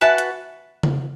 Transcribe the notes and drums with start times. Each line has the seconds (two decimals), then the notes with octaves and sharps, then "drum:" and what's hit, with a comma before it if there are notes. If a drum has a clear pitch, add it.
0.01 F#4 B4 E5 F#5 G#5 A5
0.18 drum: hi-hat
0.83 drum: tom C#3